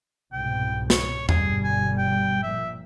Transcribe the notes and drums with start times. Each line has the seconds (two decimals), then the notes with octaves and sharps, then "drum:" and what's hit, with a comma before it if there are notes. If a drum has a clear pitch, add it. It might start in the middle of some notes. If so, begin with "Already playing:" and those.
0.33 C2 G#2 B2 G5
0.90 C#5, drum: snare
1.29 G1 B2 G3 G#4, drum: tom E2
1.64 G#5
1.98 G5
2.43 A#2 F3 E5